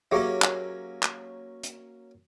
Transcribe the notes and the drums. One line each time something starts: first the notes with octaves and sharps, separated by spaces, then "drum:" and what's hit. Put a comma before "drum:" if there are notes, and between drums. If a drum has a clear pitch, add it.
F#3 A#3 C#4 G4 G#4 E5
drum: clap
drum: clap
drum: hi-hat